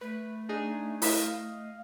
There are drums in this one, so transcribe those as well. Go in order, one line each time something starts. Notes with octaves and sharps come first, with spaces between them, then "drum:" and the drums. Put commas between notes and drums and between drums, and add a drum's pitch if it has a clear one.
A3 B4
D4 D#4 G#4
E4 D#5 F5 D#6 B6, drum: open hi-hat